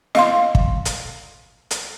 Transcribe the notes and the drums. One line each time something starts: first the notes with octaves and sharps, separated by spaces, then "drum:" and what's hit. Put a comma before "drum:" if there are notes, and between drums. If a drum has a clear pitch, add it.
D#5 F5 C6, drum: snare
drum: kick
drum: hi-hat
drum: hi-hat